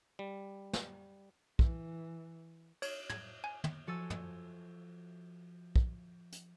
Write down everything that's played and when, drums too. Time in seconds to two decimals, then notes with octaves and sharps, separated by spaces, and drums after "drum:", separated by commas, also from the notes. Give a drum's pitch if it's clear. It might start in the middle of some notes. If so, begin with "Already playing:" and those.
0.19 G3
0.73 drum: snare
1.59 E3, drum: kick
2.82 C#5, drum: cymbal
3.10 G#6, drum: tom
3.44 G#5
3.64 drum: tom
3.87 F3 F#4 A4 G#5 E6 A6
4.10 drum: tom
5.76 drum: kick
6.32 drum: hi-hat